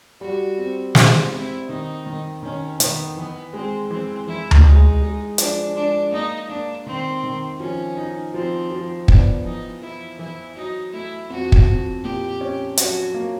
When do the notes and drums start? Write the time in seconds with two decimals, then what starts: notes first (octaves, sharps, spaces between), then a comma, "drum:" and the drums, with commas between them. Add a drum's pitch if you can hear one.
0.21 G3 F#4
0.58 C4
0.95 C4 F4, drum: snare
1.32 C4 E4
1.69 D#3 D#4
2.06 D#3
2.43 D#3 C#4
2.80 D#3 B3, drum: hi-hat
3.17 E3 B3
3.53 G#3 C4
3.90 E3 C4
4.27 E3 E4
4.51 drum: tom D2
4.65 G#3 D#4
5.02 G#3
5.38 F3 D4, drum: hi-hat
5.76 G#3 D4
6.12 A#3 D#4
6.50 A#3 D4
6.86 D#3 C4
7.24 D#3
7.60 F3 C#4
7.97 D#4
8.34 F3 C4
8.71 F3
9.08 B3 D4, drum: kick
9.45 E3 D#4
9.82 E3 E4
10.19 E3 E4
10.56 F#3 D#4
10.93 A3 E4
11.30 F2 F#4
11.52 drum: kick
11.67 F2
12.04 A#2 G4
12.41 C#4
12.77 F#3 F#4, drum: hi-hat
13.14 A#3